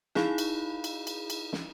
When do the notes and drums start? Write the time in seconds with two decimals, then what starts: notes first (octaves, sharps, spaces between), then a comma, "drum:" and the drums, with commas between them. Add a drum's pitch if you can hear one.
0.15 D#4 E4 G#4 F5 B5, drum: snare
0.38 drum: cymbal
0.84 drum: cymbal
1.07 drum: cymbal
1.30 drum: cymbal
1.53 drum: snare